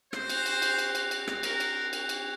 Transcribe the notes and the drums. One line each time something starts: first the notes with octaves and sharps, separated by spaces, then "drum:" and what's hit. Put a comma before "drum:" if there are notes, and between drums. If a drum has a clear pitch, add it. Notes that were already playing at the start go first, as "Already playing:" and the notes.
C4 F#4 C5, drum: rim click
drum: cymbal
drum: cymbal
drum: cymbal
drum: cymbal
drum: cymbal
drum: cymbal
drum: rim click
A#4, drum: cymbal
drum: cymbal
drum: cymbal
drum: cymbal